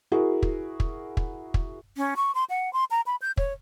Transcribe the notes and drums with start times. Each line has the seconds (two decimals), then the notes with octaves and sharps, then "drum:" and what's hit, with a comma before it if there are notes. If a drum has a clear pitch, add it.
0.12 E4 F#4 G#4 A#4
0.43 drum: kick
0.80 drum: kick
1.17 drum: kick
1.54 drum: kick
1.97 C#4
2.16 C#6
2.35 C6
2.50 F#5
2.73 C6
2.91 A#5
3.06 B5
3.22 G6
3.37 C#5, drum: kick